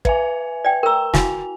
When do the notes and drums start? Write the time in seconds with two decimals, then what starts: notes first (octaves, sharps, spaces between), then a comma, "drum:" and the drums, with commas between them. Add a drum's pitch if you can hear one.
0.05 B4 E5 G#5, drum: kick
0.65 D5 G5
0.83 A#4 G5 A#5 E6
1.14 E4 F#4 F5 G#5, drum: snare